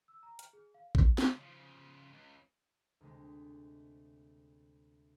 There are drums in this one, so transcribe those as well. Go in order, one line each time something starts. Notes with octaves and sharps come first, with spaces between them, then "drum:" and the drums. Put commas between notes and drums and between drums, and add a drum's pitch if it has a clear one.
E6
A#5
F6, drum: hi-hat
G#4
F5
drum: kick A1
C#2 G#3, drum: snare
C#3 F3
C#2
D2 C3 G#3